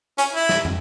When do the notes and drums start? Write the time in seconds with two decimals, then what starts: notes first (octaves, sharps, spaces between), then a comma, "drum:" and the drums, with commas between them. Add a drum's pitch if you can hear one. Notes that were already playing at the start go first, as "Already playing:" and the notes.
0.18 C#4, drum: hi-hat
0.34 E4
0.49 drum: snare
0.65 drum: tom